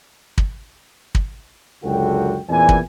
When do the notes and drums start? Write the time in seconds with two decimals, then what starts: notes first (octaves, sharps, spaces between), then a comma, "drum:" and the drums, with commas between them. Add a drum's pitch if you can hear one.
0.38 drum: kick
1.15 drum: kick
1.84 C#2 F#2 D3 F#4 A4 G5
2.49 E2 A#2 E3 C4 D5 G#5
2.69 drum: kick